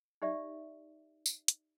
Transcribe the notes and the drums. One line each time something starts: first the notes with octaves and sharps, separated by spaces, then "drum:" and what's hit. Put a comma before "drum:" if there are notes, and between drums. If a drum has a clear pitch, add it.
D#4 G4 D5 E5
drum: tambourine
drum: hi-hat